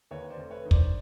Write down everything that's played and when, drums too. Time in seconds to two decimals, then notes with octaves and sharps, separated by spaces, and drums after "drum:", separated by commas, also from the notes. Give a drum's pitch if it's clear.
0.11 D#2 B4 C#5
0.30 C5 D5
0.37 F1
0.51 B4 C#5
0.65 D#3
0.71 C5 D5, drum: kick